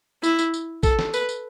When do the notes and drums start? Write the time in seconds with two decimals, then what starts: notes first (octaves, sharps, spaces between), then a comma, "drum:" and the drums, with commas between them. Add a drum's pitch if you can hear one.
0.24 E4, drum: tambourine
0.39 drum: tambourine
0.54 drum: tambourine
0.83 A4, drum: kick, tambourine
0.99 drum: snare
1.14 B4, drum: tambourine
1.29 drum: tambourine